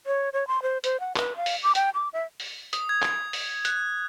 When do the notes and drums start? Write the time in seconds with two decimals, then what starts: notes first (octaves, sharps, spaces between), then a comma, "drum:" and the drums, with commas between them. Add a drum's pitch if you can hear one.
0.06 C#5
0.33 C#5
0.47 C6
0.62 C5
0.84 C5, drum: hi-hat
1.00 F#5
1.16 B4, drum: clap
1.36 F5
1.46 drum: open hi-hat
1.63 D6
1.75 G5, drum: hi-hat
1.94 D6
2.13 E5
2.40 drum: open hi-hat
2.73 D#6, drum: hi-hat
2.89 G#6
3.02 drum: clap
3.33 drum: open hi-hat
3.65 F#6, drum: hi-hat